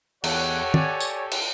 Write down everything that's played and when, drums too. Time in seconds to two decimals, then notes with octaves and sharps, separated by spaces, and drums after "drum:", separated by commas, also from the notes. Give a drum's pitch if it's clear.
0.24 E2 G4 A4 C#5 F#5 F#6, drum: cymbal
0.74 D5 G#5, drum: tom
1.00 drum: tambourine
1.32 drum: cymbal